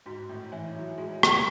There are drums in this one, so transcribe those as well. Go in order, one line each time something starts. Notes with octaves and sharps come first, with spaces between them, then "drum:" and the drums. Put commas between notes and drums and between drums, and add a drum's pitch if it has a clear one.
G#2 F#4
A2
E3 C#5 E5 G#5
F#3
G#3 F#4
drum: rim click